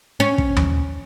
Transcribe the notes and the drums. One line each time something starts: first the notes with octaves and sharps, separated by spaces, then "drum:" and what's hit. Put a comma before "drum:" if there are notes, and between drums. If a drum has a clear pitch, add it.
C#4
drum: kick
drum: tom D#2